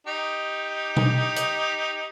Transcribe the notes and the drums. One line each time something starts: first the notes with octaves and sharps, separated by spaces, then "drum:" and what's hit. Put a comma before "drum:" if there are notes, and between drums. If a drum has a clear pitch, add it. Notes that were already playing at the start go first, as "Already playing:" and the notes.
D#4 G4
drum: tom B2
drum: hi-hat